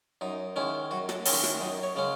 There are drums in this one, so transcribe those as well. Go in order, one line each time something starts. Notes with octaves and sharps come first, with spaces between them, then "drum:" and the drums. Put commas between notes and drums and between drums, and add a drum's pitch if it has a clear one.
F#2 D#4
D#3 G#3 C#4 E4
F#2 F#4
A4, drum: snare
D#3 G#3 C#4 E4, drum: open hi-hat
E4, drum: snare
F#2 D#4
C#5
C#3 G#3 C#4